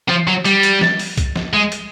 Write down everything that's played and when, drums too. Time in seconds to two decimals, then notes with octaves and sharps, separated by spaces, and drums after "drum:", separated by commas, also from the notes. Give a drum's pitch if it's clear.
0.09 F3
0.28 F#3
0.45 G3, drum: hi-hat
0.63 drum: hi-hat
0.81 drum: snare
0.99 drum: open hi-hat
1.17 drum: kick, hi-hat
1.36 drum: snare
1.53 G#3
1.72 drum: hi-hat